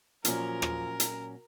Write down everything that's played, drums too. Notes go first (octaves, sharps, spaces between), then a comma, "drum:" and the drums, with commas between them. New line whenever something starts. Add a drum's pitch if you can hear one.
A#2 F3 F#3 C#4 A#4, drum: hi-hat
drum: rim click
drum: hi-hat